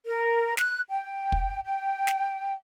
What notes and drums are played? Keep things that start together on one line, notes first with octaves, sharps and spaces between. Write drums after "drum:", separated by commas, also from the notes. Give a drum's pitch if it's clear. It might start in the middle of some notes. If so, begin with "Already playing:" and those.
A#4
F#6, drum: snare
G5
drum: kick
G5
drum: snare